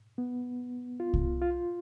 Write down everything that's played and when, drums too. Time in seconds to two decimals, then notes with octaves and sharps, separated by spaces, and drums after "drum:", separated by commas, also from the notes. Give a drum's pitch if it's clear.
0.18 B3
1.00 F4
1.14 drum: kick C2
1.41 F4